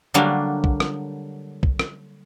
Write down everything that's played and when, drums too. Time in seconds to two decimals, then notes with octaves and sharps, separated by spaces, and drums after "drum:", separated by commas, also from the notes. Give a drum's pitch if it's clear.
0.14 D3 F#3 G3 A#3 D4 A#4
0.64 drum: kick
0.80 drum: rim click
1.63 drum: kick
1.79 drum: rim click